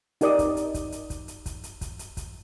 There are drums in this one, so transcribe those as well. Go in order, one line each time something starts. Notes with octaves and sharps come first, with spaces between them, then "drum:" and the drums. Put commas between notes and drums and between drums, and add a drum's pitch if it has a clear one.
D#4 G4 A#4 D5 D#5 D#6, drum: hi-hat
drum: kick, hi-hat
drum: hi-hat
drum: kick, hi-hat
drum: hi-hat
drum: kick, hi-hat
drum: hi-hat
drum: kick, hi-hat
drum: hi-hat
drum: kick, hi-hat
drum: hi-hat
drum: kick, hi-hat